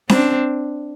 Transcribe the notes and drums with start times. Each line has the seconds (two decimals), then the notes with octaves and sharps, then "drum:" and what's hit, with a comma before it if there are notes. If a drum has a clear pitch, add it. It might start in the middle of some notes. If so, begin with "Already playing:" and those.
0.09 C4 D4, drum: snare C#4